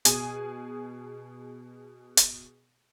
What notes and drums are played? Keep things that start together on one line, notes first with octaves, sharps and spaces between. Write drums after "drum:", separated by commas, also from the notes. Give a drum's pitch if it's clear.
B2 G#4 G#5 D#6, drum: hi-hat
drum: hi-hat